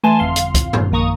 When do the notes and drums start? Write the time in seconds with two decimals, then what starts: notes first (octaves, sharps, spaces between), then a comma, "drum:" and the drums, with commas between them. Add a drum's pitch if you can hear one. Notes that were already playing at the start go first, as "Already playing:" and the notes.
0.03 E3 A3 G#5 A5 C6
0.19 G1 F2 F5 C6
0.36 drum: hi-hat
0.55 drum: kick, hi-hat
0.73 drum: tom
0.92 A#1 D#3 A#3 A#5 C#6 D#6